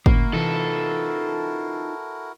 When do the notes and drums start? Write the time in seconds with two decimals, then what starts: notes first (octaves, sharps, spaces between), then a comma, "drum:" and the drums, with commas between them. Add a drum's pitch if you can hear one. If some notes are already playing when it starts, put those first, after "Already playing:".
0.06 C#2 A2 A#3 C#4 E4 F#4 A#4, drum: kick
0.33 C3 E3 D#4 F4 A4 B4